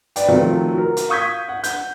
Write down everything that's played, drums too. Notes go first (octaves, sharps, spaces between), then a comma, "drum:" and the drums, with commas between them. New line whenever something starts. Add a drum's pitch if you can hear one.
B4 D5 G5, drum: hi-hat
C3 D#3 F3 F#3 A3
F#4 A#4
drum: hi-hat
F5 C#6 D#6 G6 G#6 B6
F#5
G6, drum: hi-hat